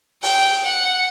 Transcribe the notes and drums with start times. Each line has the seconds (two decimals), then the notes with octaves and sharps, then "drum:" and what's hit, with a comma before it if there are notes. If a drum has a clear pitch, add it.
0.23 G5, drum: open hi-hat
0.64 F#5